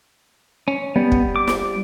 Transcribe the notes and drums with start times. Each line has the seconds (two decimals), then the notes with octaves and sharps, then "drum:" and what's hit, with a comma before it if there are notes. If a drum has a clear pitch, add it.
0.68 C#4
0.96 G3 B3
1.12 drum: kick
1.36 D6
1.47 drum: snare